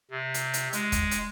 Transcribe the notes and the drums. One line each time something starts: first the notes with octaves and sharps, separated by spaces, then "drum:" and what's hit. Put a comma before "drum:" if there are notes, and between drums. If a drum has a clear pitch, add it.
C3
drum: hi-hat
drum: hi-hat
G#3, drum: hi-hat
drum: kick, hi-hat
drum: hi-hat